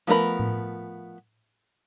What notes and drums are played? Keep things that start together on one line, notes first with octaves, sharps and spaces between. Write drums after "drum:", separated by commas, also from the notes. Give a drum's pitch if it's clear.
F3 A3 B3 A#4 B5
drum: tom A2